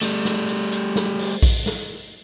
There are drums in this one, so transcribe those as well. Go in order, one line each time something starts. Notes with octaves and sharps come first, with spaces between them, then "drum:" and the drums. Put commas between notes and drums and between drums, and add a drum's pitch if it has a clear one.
G3 A3, drum: hi-hat
drum: snare
drum: hi-hat
drum: hi-hat
drum: snare
drum: open hi-hat
drum: kick A#1, open hi-hat
drum: snare